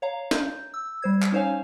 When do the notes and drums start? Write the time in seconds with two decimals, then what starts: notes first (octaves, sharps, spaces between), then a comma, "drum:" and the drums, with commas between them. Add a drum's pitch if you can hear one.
0.02 C#5 F5 A#5
0.31 G6, drum: snare
0.74 E6
1.02 G3 C5 G#6
1.22 drum: clap
1.32 C#4 D#4 C5 C#5 F5 G#5